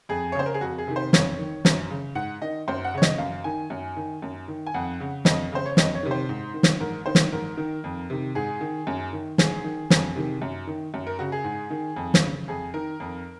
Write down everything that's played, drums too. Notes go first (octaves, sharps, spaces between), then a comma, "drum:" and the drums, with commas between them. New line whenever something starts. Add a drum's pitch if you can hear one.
F2 G#4
C#5
C#3 C5
A#4
G#4
F2 F#4
G#4
C3 D#3
C5
F2 C#5, drum: snare
D#3
F#2, drum: snare
C#3
G#2 F#5
D#3 D#5
F#2 C5
F#5
C#3 C#5
D#5, drum: snare
F#2 F5
D#3 G#5
F#2
D#3
F#2
D#3
G#5
F2 F#5
C#3
F2 D#5, drum: snare
C#3 C5
C#5
F2 D#5, drum: snare
C#5
C3 D#3
C5
G#2
D#3
drum: snare
G#2 A#4
D#3 C5
drum: snare
G#2 A#4
D#3
F2
C3 D#3
G#2 G#4
D#3
F#2
D#3
G#2 G#4, drum: snare
D#3
F2, drum: snare
C3 D#3
F#2
D#3
F#2
A#4
C#3 F#4
G#4
G#2
D#3
F2
drum: snare
C#3
F2 G#4
D#3 A#4
F2